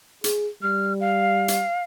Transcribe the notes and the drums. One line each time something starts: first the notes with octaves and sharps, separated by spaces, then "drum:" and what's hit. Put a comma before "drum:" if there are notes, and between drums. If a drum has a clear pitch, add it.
G#4, drum: hi-hat
G3 F6
F5
drum: hi-hat